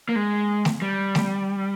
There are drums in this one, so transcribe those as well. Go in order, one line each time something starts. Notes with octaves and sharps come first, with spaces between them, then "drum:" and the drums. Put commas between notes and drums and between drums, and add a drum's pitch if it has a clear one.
A#3
G#3
drum: snare A3
G3
drum: snare A3